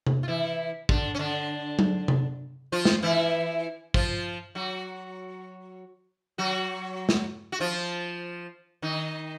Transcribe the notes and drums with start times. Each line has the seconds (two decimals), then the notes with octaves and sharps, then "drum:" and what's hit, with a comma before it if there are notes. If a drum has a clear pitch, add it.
0.06 drum: tom C3
0.23 F4
0.28 E3 E4
0.89 D3 D4, drum: kick
1.15 C#4
1.19 D3 D4
1.79 drum: tom F#3
2.08 drum: tom C3
2.72 F3 F4
2.85 drum: snare
3.03 E3 E4
3.94 F3 F4, drum: kick
4.55 F#3 F#4
6.38 F#3 F#4
7.09 drum: snare
7.52 F#4
7.60 F3 F4
8.82 D#3 D#4